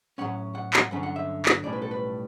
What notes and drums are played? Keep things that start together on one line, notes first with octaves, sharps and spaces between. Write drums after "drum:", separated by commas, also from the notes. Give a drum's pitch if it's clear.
A2 F#3 C#4 F#5
F#5
F#5, drum: clap
G2 D3 F#3 C#4 F#5
F#5
E5
drum: clap
B1 A2 G3 C#4 D5
B4
A4
B4